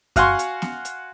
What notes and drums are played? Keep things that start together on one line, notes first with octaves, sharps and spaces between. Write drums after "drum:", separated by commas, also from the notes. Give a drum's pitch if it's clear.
F#4 F5 F#5 G#5 C6 C#6, drum: kick F#2, hi-hat
drum: hi-hat
drum: snare B3
drum: hi-hat